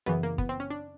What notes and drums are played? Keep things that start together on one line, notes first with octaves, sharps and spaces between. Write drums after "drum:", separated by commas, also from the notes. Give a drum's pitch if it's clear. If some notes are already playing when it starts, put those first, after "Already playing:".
F#2 C#3 E3 B3
A#3
B3, drum: kick
C4
C#4
D4